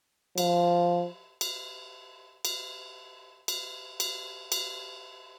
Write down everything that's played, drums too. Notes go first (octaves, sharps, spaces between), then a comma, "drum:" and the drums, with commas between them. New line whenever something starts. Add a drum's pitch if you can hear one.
F3, drum: cymbal
drum: cymbal
drum: cymbal
drum: cymbal
drum: cymbal
drum: cymbal